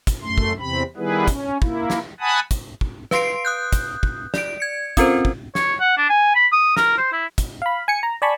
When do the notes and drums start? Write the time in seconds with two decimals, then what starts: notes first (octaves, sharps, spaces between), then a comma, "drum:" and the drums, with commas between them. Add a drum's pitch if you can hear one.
0.07 drum: kick, hi-hat
0.22 F#2 A3 C6
0.38 drum: kick
0.59 E2 C3 C4 B5
0.97 D#3 G3 B3 E4 G#4 B4
1.28 C#4, drum: kick, hi-hat
1.62 A#3 E4, drum: kick
1.90 drum: snare
2.20 F#5 G#5 A5 B5 D#6
2.51 drum: kick, hi-hat
2.81 drum: kick
3.11 B4 F5 C6 C7 D7, drum: snare
3.45 D#6 F#6 G6
3.73 drum: kick, hi-hat
4.03 drum: kick
4.34 D5 D7, drum: snare
4.60 G#6 C#7
4.97 C4 C#4 F4 A4 A#4 C5, drum: kick, hi-hat
5.25 drum: kick
5.55 C#5, drum: snare
5.80 F#5
5.97 D4
6.10 G#5
6.35 B5
6.52 D#6
6.77 A#4, drum: snare
6.98 C5
7.13 E4
7.38 drum: kick, hi-hat
7.62 F5 B5
7.88 G#5 C#7
8.03 A#5
8.22 D5 G#5 A5 B5 C#6